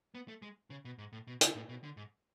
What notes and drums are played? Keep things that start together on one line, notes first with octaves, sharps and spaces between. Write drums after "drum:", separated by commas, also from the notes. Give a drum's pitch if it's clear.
B3
A3
G#3
C#3
B2
G#2
A2
B2
C#3, drum: hi-hat
A2
B2
D3
G#2